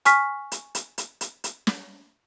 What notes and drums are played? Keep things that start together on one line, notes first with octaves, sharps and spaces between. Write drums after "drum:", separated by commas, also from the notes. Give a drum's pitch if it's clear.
G#5 C#6 F6 B6, drum: hi-hat
drum: hi-hat
drum: hi-hat
drum: hi-hat
drum: hi-hat
drum: hi-hat
drum: snare